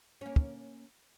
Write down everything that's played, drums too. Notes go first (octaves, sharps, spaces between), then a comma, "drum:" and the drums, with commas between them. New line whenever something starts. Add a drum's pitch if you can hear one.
A#3 C#4
drum: kick